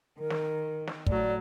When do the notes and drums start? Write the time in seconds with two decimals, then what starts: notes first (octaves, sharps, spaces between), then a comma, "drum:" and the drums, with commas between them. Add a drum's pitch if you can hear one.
0.19 D#3 A#4
0.30 drum: snare
0.87 drum: snare
1.06 A2 F#3 D5, drum: kick